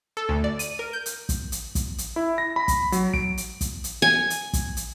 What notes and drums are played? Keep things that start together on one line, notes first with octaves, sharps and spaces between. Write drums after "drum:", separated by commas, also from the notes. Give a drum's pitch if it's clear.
A4
D2
D5
D#7, drum: hi-hat
A#4
G6
drum: hi-hat
drum: kick, hi-hat
drum: hi-hat
drum: kick, hi-hat
drum: hi-hat
E4
A#6
B5
drum: kick, hi-hat
F#3, drum: hi-hat
D7, drum: kick
drum: hi-hat
drum: kick, hi-hat
drum: hi-hat
G#5
drum: hi-hat
drum: kick, hi-hat
drum: hi-hat